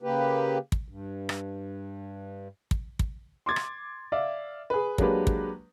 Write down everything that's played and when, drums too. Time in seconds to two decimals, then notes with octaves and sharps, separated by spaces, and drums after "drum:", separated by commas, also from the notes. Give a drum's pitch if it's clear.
0.02 C#3 A#3 G4 B4
0.72 drum: kick
0.88 G2
1.29 drum: rim click
2.71 drum: kick
2.99 drum: kick
3.46 C6 D6 G#6 A6
3.56 drum: rim click
4.12 D5 E5 F5
4.70 G#4 B4
4.98 F#3 G#3 A#3 D4 G4 B4, drum: kick
5.27 drum: kick